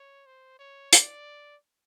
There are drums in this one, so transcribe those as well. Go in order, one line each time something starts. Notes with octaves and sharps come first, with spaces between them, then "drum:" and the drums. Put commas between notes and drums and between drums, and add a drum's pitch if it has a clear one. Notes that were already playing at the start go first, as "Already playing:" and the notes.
Already playing: C#5
C5
C#5
D5, drum: hi-hat